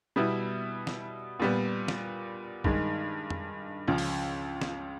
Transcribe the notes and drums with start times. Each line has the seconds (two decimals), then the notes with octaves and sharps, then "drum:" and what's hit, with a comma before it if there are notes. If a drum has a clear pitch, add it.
0.16 B2 G3 B3 E4
0.87 drum: snare
1.39 A#2 G3 B3
1.88 drum: snare
2.64 G2 D#3 G#3, drum: kick B1
3.30 drum: tom
3.88 C#2 C#3 F3
3.98 drum: open hi-hat
4.61 drum: snare